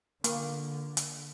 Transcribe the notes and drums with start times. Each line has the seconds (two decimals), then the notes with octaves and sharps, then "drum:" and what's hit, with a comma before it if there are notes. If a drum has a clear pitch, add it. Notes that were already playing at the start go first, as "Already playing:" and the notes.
0.24 D3 A#3, drum: hi-hat
0.97 drum: hi-hat